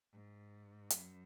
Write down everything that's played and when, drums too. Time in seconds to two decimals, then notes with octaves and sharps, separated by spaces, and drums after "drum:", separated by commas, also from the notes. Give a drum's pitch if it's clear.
0.13 G#2
0.90 F#2, drum: hi-hat